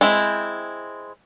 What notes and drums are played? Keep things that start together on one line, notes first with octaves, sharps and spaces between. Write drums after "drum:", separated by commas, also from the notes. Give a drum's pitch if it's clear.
G#3 C4 E4, drum: open hi-hat